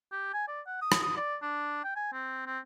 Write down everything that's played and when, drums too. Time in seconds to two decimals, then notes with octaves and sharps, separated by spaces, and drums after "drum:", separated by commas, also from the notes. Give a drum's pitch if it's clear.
0.12 G4
0.34 G#5
0.48 D5
0.67 F#5
0.82 D#6
0.92 drum: rim click
1.03 D#6
1.17 D5
1.42 D4
1.84 G5
1.96 G#5
2.13 C4
2.47 C4